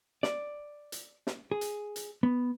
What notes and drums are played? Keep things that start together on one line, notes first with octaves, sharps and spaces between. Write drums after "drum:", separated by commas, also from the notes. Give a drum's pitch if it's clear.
D5, drum: snare
drum: hi-hat
drum: snare
G#4
drum: hi-hat
drum: hi-hat
B3